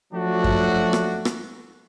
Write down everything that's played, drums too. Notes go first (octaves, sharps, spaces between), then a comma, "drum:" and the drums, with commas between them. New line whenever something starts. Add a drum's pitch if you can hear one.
F3 F#3 A3 D4 F#4
drum: kick F#2
drum: rim click
drum: rim click